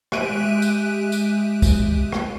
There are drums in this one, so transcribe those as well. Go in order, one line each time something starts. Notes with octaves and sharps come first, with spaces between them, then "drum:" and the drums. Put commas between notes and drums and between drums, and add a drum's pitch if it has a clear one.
G#3 G4 E5 F#6 D7 D#7, drum: rim click
drum: tambourine
drum: tambourine
drum: kick, tambourine
drum: rim click